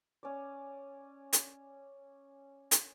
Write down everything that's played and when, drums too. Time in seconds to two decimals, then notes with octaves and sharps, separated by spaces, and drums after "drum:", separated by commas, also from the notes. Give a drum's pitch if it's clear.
0.23 C#4 D5
1.33 drum: hi-hat
2.71 drum: hi-hat